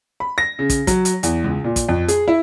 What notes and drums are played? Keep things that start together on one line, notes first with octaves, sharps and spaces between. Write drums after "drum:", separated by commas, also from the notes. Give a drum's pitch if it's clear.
B5
A#6
C#3
drum: kick, hi-hat
F#3, drum: kick, hi-hat
drum: hi-hat
E2, drum: hi-hat
C#2
A#2
drum: kick, hi-hat
F2
G#4, drum: hi-hat
E4